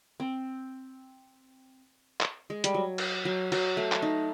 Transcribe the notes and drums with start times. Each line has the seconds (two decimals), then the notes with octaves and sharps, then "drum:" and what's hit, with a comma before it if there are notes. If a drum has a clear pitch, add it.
0.20 C4
2.21 drum: clap
2.50 G#3
2.64 G3, drum: hi-hat
2.74 F#3
2.98 drum: cymbal
3.25 F#3
3.52 F#3, drum: cymbal
3.77 A3
3.92 drum: clap
4.02 D#4